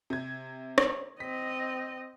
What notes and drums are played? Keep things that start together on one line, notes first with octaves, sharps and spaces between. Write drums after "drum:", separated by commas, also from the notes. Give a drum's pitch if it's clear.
C3 G#6
drum: rim click
C4 D#5 B6